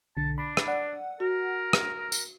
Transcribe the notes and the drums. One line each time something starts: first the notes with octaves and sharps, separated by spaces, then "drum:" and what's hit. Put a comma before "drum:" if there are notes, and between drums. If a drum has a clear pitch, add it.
B1 D3 A5
D4 B5
drum: rim click
D5 F#5
F#4 A#4
drum: rim click
drum: tambourine